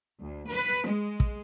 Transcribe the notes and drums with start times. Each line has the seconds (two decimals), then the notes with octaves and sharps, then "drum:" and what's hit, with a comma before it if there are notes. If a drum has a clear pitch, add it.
0.20 D2
0.49 B4
0.87 G#3
1.20 drum: kick